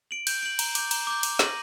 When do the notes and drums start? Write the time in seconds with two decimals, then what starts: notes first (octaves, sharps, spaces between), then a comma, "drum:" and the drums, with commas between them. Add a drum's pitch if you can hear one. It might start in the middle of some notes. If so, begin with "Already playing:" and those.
0.11 D7 F#7
0.27 G6, drum: cymbal
0.43 D7 F#7
0.59 A#5, drum: cymbal
0.75 D6 G6, drum: cymbal
0.91 A#5, drum: cymbal
1.07 D6 G6
1.23 G6, drum: cymbal
1.39 A#6 D#7 F#7, drum: snare